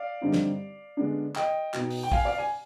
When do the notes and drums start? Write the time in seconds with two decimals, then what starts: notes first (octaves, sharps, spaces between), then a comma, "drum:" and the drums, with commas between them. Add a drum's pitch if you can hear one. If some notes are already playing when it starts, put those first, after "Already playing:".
Already playing: D5 F5
0.21 G2 D3 G3 C4 D#4
0.33 drum: snare
0.97 D3 G#3 B3 D4
1.36 D#5 G5, drum: clap
1.74 B2 B3 D#4, drum: clap
1.91 drum: open hi-hat
2.03 G5
2.12 F5 G#5, drum: kick
2.24 D5 F5
2.38 G#5